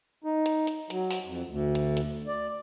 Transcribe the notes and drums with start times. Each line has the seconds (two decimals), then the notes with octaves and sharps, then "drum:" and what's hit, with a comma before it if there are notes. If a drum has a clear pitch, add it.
0.24 D#4
0.46 drum: hi-hat
0.67 drum: hi-hat
0.90 F#3, drum: hi-hat
1.11 drum: open hi-hat
1.25 F2
1.49 D2
1.75 drum: hi-hat
1.97 drum: hi-hat
2.27 D5